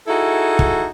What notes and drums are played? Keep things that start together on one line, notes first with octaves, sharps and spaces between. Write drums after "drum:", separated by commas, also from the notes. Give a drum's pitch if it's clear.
D#4 E4 F#4 G#4 A4
drum: kick